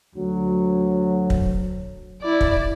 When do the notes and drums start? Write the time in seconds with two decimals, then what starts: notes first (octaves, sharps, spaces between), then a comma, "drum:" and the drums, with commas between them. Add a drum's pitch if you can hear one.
0.16 D2 F#3
1.30 drum: kick
2.22 E4 D5
2.41 drum: kick